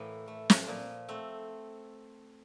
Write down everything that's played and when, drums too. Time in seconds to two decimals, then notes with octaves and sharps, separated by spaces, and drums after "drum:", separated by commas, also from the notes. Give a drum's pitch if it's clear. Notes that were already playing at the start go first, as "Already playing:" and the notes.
Already playing: A2 E3 A#3
0.28 A3
0.50 drum: snare
0.67 A#2 F3 A#3
1.09 A3 C4